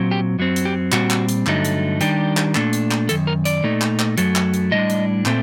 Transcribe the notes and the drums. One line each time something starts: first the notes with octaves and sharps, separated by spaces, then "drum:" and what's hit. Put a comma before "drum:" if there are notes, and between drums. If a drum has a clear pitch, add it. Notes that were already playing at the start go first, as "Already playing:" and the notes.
Already playing: A#2 F#3 C4
G4
F#2 F#3 C4
drum: hi-hat
G4
A#2 G3 C4 F#4, drum: clap
drum: clap
drum: hi-hat
G2 D3 F#3 A3 D#4, drum: clap
drum: hi-hat
D#3 G3 D4 G4, drum: hi-hat
drum: clap
A#2 A3 D4, drum: clap
drum: hi-hat
drum: clap
F#2 D#3 A4, drum: hi-hat
A#4
D5, drum: hi-hat
A#2 A3 D#4
drum: clap
drum: clap
F#2 F#3 A3, drum: hi-hat
drum: clap
drum: hi-hat
A2 G3 D4 D#5
drum: hi-hat
A#2 A3 C4, drum: clap